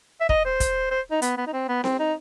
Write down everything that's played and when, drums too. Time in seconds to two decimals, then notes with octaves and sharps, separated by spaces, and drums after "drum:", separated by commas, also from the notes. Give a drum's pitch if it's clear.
0.21 E5
0.29 D#5, drum: kick
0.45 C5
0.60 drum: kick, hi-hat
0.91 C5
1.12 D#4
1.22 B3, drum: hi-hat
1.37 B3
1.47 D#4
1.53 C4
1.69 B3
1.84 C4, drum: snare C4
1.99 D#4